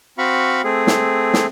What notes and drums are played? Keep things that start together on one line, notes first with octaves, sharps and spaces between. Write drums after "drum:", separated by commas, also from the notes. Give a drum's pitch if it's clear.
C4 F#4 F5 B5 C#6
A3 C4 G#4
drum: snare
drum: snare